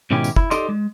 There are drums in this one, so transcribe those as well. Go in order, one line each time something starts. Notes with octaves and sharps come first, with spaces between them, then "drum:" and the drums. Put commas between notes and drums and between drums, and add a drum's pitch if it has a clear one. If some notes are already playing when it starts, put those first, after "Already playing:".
G#2 B2 D#3 C#4 E4 G4
drum: tambourine
E4, drum: kick
D#4 G4 A4 D5 D#5 C6, drum: tambourine
G#3